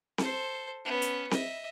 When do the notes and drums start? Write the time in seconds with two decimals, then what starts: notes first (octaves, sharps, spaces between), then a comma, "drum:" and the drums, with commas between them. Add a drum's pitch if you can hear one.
0.18 A4 C5, drum: snare C4
0.85 B3 C#4
1.02 drum: hi-hat
1.31 D#5 E5, drum: snare C4